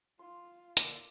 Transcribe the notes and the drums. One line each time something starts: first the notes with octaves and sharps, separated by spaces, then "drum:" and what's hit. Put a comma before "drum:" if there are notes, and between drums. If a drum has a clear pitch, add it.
F4 C6
D3 A#3 D6, drum: hi-hat